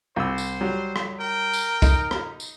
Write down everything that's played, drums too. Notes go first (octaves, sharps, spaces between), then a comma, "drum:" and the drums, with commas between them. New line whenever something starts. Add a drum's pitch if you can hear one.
C2 C5 E6
drum: tambourine
F#3 G3
drum: rim click
A#4 G5
drum: tambourine
D#4, drum: kick, tambourine
drum: rim click
drum: tambourine